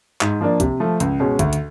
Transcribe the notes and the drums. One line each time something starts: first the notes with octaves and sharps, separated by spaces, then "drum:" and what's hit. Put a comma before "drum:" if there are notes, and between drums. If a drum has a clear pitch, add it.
G#2, drum: clap
F3 A#3 D4
C3, drum: kick, hi-hat
F3 A3
C#2, drum: hi-hat
B2 G#3 C#4
D2, drum: kick, hi-hat
drum: hi-hat